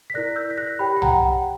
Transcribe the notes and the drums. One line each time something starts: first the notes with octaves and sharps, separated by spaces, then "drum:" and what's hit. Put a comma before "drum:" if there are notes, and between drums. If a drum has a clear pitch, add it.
B6
E4 A#4 D5 F#6 A#6
E6 G6
B6
F#6 A#6
G4 C#5 G5 B5
G5
F#5 A#5, drum: tom B1
F#5
G5